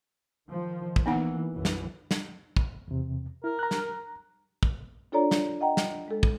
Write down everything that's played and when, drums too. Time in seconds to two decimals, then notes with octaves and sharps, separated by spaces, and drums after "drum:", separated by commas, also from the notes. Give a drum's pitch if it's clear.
0.50 D#3 F3
0.96 drum: kick
1.06 E3 A#3 B3 D#4 F#5
1.54 B1 F#2 E3
1.65 drum: snare
2.11 drum: snare
2.56 drum: kick
2.88 E2 C3
3.44 E4 A#4
3.59 A#5 F#6
3.71 drum: snare
4.63 drum: kick
5.12 D4 F4 A4 C#5 D5 A#5
5.31 drum: snare
5.61 D#5 F#5 G5 A#5
5.77 drum: snare
6.08 G#3 A4
6.23 drum: kick